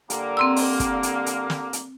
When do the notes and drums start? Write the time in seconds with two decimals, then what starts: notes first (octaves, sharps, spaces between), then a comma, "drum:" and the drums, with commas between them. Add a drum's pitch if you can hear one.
0.10 D3 G3 A#3, drum: hi-hat
0.37 C4 C6 E6
0.56 drum: open hi-hat
0.80 drum: kick, hi-hat
1.03 drum: hi-hat
1.26 drum: hi-hat
1.50 drum: snare
1.73 drum: hi-hat